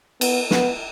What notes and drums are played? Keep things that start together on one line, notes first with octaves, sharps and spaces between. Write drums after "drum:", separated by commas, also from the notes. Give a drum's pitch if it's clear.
B3, drum: cymbal
B3, drum: snare